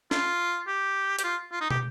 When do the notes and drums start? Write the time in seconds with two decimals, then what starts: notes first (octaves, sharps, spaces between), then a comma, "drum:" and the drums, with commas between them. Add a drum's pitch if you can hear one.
0.11 F4, drum: snare
0.67 G4
1.19 G4, drum: hi-hat
1.24 F4
1.52 F4
1.61 D#4
1.70 G4, drum: tom